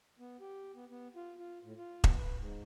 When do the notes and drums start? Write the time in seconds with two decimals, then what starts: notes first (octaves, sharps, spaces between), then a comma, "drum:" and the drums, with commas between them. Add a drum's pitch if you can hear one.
0.19 B3
0.40 G4
0.75 B3
0.90 B3
1.16 F4
1.39 F4
1.63 A2
1.78 F4
2.04 B3, drum: kick E1
2.18 B4
2.39 G#2